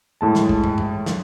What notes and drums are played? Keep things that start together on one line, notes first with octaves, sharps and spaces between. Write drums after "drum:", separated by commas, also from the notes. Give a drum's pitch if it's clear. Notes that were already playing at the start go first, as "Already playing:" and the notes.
A2 G#3 A5
drum: snare
drum: kick
drum: tom
drum: tom
drum: snare